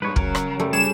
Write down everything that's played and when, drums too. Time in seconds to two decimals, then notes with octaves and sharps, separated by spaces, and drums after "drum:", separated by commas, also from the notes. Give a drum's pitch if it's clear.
0.02 G2 G#3 B4 C#5
0.16 C#3 F#3 A#4, drum: kick
0.35 drum: rim click
0.59 F#2 G3 A3
0.73 G3 G#4 C#5 E7